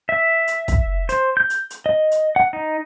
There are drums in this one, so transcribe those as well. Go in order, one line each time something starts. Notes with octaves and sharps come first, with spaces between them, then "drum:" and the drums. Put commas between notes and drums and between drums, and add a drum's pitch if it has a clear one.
E5
drum: hi-hat
drum: kick, hi-hat
C5, drum: hi-hat
G6
drum: hi-hat
drum: hi-hat
D#5
drum: hi-hat
F#5
D#4